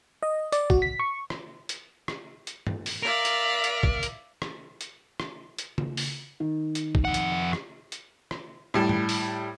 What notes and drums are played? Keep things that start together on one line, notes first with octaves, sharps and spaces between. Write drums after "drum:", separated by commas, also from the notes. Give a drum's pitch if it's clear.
D#5
D5, drum: hi-hat
F#4, drum: kick
B6
C#6
drum: rim click
drum: hi-hat
drum: rim click
drum: hi-hat
drum: tom
drum: open hi-hat
A#4 D5 E5 F5
drum: hi-hat
drum: hi-hat
drum: kick
drum: hi-hat
drum: rim click
drum: hi-hat
drum: rim click
drum: hi-hat
drum: tom C#3
drum: open hi-hat
D#3
drum: hi-hat
drum: kick
F2 F#5
drum: hi-hat
drum: rim click
drum: hi-hat
drum: rim click
A2 G3 A5
drum: tom
drum: open hi-hat